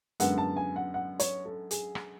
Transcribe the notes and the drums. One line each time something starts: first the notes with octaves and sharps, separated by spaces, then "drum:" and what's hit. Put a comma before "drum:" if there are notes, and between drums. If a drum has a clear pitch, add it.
F#2 D3 G#3 B3 F#5, drum: hi-hat
A5
G#5
F#5
F#5
C#5, drum: hi-hat
A4
G#4, drum: hi-hat
drum: rim click